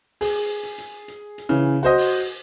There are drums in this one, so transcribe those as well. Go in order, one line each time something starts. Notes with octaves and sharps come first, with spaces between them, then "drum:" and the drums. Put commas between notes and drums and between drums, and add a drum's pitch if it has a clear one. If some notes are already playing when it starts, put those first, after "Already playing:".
G#4, drum: open hi-hat
drum: hi-hat
drum: hi-hat
drum: hi-hat
drum: hi-hat
C#3 E3
F#4 C5 D#5
drum: open hi-hat